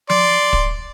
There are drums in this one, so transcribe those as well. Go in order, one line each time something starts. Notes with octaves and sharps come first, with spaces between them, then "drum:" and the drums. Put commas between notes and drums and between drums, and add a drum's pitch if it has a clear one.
D5 C6, drum: tom F3
drum: kick